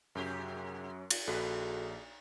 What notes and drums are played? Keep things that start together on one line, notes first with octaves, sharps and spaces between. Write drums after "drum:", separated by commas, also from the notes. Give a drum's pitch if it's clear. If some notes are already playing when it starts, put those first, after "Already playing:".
F#2 C3 F#3 G4 G#4
drum: cymbal
A#1 F#4 G#4 A4 B4